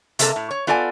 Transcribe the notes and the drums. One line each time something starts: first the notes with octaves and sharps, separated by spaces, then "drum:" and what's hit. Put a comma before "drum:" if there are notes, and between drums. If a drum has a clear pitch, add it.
C3 G#3 A#3 A4, drum: hi-hat
A2
C#5
B3 F4 A4 D5 F#5 G#5